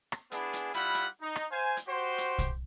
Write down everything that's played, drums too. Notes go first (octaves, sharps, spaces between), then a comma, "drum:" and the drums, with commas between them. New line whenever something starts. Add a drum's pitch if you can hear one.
drum: rim click
B3 D4 E4 G#4, drum: hi-hat
drum: hi-hat
G3 E4 F4 F#5 B5, drum: hi-hat
drum: hi-hat
D#4
drum: rim click
C5 F5 G#5
drum: hi-hat
F#4 G4 C5
drum: hi-hat
drum: kick, hi-hat